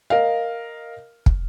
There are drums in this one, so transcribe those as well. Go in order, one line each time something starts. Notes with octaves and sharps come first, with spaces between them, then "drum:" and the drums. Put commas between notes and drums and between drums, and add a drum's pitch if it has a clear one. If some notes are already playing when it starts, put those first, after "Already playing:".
A#4 D#5 F5
drum: kick